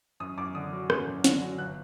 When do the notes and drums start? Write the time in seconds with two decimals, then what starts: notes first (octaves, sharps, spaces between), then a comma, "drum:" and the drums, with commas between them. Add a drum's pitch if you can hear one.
0.20 F#2 D#6
0.37 F#2 D6
0.55 D3 D#6
0.73 F#3
0.90 F#2, drum: rim click
1.07 F#2
1.24 D3, drum: snare
1.42 F#3
1.58 G1 F#6